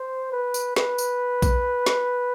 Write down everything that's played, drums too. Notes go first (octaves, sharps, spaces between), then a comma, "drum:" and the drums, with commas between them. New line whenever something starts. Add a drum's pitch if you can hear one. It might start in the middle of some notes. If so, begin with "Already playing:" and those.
Already playing: C5
B4
drum: tambourine
B4, drum: snare
drum: tambourine
drum: kick A#1, tambourine
drum: snare